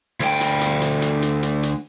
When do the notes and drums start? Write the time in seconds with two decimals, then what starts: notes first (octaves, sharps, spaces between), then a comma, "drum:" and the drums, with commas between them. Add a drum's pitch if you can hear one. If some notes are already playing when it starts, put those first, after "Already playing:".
0.20 D2 G5, drum: hi-hat
0.41 drum: hi-hat
0.61 drum: hi-hat
0.81 drum: hi-hat
1.02 drum: hi-hat
1.22 drum: hi-hat
1.43 drum: hi-hat
1.63 drum: hi-hat